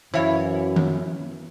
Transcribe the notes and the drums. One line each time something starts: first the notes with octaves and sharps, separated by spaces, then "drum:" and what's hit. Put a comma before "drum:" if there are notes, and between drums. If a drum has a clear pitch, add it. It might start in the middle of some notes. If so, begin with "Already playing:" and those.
F#2 E3 E4 C5 C#5 E5 F5
drum: tom D#3